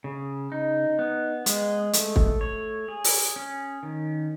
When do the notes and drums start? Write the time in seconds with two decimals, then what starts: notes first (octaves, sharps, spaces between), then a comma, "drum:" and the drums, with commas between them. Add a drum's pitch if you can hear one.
0.04 C#3
0.52 D#4
0.99 B3
1.46 G#3, drum: hi-hat
1.93 A3, drum: hi-hat
2.16 drum: kick
2.41 C#5
2.88 G#4
3.04 drum: open hi-hat
3.36 C#4
3.83 D#3